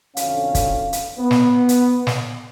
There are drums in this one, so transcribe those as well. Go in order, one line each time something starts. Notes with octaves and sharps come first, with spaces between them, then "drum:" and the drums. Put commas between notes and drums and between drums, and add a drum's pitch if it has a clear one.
B1 F2 D3 C#4 F#4 F5, drum: hi-hat
drum: kick, hi-hat
drum: hi-hat
B3
drum: snare
drum: hi-hat
drum: snare